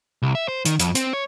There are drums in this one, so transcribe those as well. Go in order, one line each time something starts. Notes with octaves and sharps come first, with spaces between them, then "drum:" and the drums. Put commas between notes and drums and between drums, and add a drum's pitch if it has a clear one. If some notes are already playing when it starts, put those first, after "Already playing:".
C2
E5
C5
D#3, drum: hi-hat
F2, drum: hi-hat
C4, drum: hi-hat
C#5